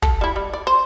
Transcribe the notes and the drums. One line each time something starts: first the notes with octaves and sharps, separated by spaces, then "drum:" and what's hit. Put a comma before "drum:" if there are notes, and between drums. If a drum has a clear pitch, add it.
A4, drum: kick
G3 E4
G3
D5
C5